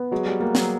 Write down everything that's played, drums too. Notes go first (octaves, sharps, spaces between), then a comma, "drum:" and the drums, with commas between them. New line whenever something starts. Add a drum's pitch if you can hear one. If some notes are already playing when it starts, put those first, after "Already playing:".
Already playing: B3
F#3 G#3
G3
G3 A#3
F#3, drum: snare